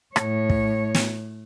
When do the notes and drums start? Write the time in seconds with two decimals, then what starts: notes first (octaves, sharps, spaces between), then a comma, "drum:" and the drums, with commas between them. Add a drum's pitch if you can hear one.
0.16 A2 C#5, drum: rim click
0.50 drum: kick
0.94 drum: snare